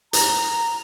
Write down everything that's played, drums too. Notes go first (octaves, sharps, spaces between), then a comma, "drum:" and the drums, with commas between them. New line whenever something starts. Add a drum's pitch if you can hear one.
A#5, drum: hi-hat